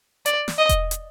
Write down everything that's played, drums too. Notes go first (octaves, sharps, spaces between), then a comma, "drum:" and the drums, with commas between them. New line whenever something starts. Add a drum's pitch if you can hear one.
D5, drum: hi-hat
drum: snare
D#5
drum: kick E1, hi-hat
drum: hi-hat